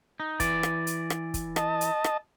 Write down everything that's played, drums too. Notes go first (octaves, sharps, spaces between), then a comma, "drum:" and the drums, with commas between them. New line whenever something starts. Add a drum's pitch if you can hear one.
D#4
E3 D5, drum: kick, hi-hat
drum: rim click
drum: hi-hat
drum: rim click
drum: kick, hi-hat
D#5 A5, drum: rim click
drum: hi-hat
drum: rim click